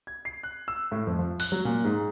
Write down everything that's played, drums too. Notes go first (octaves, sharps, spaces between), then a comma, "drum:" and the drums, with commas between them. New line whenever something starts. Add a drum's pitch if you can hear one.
G#6
C7
F#6
E6
A2
F2
F3
F#6, drum: open hi-hat
F#3
A#2
G#2